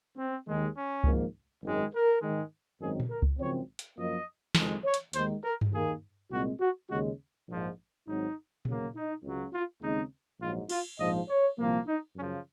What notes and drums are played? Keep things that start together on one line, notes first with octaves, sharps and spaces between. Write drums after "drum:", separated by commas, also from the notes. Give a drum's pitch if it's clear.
C4
D#2 D#3 G#3
C#4
G#1 G#2 F3 A#3, drum: kick C#2
G#1 F#2 D#3 G#3
A#4
G#2 D#3 G#3
G#1 F#2 D#3 G#3 C4 G#4
drum: tom A#2
A#4
drum: kick C#2
G#1 F#2 C#3 F3 C4 C#5
drum: hi-hat
F#2 F3 A#3 D#5
F#1 F2 D#3 G#3, drum: snare
C#5
drum: hi-hat
D#2 D#3 G#3 C5, drum: hi-hat
A#4
drum: tom G2
D#2 D#3 A#3 G#4
C2 A#2 G#3 C4 F#4
F#4
D#2 C#3 G#3 F#4
A#1 G#2 F3
G#1 G#2 F#3 C4 D#4
D#2 C#3 F#3 A#3, drum: tom A#2
D#4
C#2 C#3 F#3
F4
D#2 C#3 G#3 C4 D#4
A#1 G#2 F#3 F4
F4, drum: cymbal
A#1 G#2 F3 D#5
C#5
C2 A#2 F3 A#3
D#4
F#2 C#3 F3 C#4